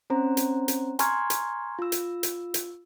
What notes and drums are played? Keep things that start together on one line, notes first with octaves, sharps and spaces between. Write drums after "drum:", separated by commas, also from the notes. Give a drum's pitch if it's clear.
C4 C#4 C5 A#5
drum: hi-hat
drum: hi-hat
G#5 A#5 C6 C#6 F6 G#6, drum: hi-hat
drum: hi-hat
F4 E6
drum: hi-hat
drum: hi-hat
drum: hi-hat